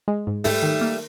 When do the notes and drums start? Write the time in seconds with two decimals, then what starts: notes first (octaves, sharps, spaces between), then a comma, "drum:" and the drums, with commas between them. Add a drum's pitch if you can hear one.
0.08 G#3
0.27 G#2
0.44 G#2 G3 A3, drum: open hi-hat
0.63 D#3
0.81 A#3